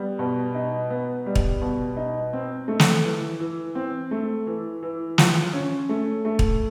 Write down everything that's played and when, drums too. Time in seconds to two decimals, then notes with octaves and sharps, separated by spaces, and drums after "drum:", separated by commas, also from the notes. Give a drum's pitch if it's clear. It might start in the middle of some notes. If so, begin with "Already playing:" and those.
Already playing: G3 B3
0.19 B2
0.54 D#4
0.90 B3
1.26 G3
1.35 drum: kick
1.61 B2
1.97 D#4
2.33 C4
2.68 A3
2.80 drum: snare
3.04 E3
3.40 E3
3.75 C4
4.11 A3
4.47 E3
4.83 E3
5.18 F4, drum: snare
5.53 C#4
5.89 A3
6.25 A3
6.39 drum: kick